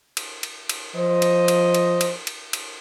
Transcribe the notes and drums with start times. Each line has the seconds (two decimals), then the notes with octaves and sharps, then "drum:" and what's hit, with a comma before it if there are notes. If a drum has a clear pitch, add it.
0.17 drum: cymbal
0.43 drum: cymbal
0.69 drum: cymbal
0.96 F3 C5 D#5
1.22 drum: cymbal
1.48 drum: cymbal
1.74 drum: cymbal
2.01 drum: cymbal
2.27 drum: cymbal
2.53 drum: cymbal